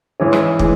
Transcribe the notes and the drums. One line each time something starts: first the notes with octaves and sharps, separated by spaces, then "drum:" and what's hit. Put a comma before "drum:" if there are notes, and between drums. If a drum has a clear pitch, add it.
G#2 E3 G#3 C#4
drum: rim click
E3 G#3, drum: kick